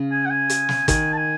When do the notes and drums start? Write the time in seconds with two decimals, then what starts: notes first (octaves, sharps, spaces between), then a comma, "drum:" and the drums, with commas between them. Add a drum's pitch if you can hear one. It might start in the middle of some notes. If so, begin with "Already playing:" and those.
Already playing: C#3
0.11 G#5
0.25 F#5
0.30 G#5
0.50 drum: hi-hat
0.69 drum: snare
0.88 D#3 G#5, drum: kick, hi-hat
1.12 A5
1.17 G#5